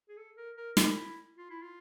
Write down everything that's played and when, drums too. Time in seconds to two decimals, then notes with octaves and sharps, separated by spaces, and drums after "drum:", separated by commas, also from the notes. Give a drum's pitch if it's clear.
0.09 G#4
0.17 A4
0.37 A#4
0.57 A#4
0.77 E4, drum: snare
1.37 F4
1.50 E4
1.62 F4